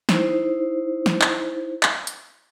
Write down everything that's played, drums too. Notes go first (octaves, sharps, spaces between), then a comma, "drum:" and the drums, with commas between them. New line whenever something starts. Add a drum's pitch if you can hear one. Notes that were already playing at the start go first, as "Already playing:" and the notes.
D#4 E4 C5, drum: snare
drum: snare
drum: clap
drum: clap
drum: hi-hat